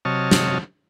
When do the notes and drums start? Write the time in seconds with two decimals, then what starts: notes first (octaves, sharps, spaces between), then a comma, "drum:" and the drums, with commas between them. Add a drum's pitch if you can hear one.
0.05 C3 F#3 C#5 D#5 A5 F6
0.31 drum: snare